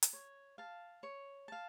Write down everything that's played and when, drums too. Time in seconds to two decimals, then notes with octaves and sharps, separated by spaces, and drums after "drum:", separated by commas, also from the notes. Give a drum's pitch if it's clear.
0.02 drum: hi-hat
0.13 C#5
0.58 F5 A5
1.03 C#5
1.48 F5 A5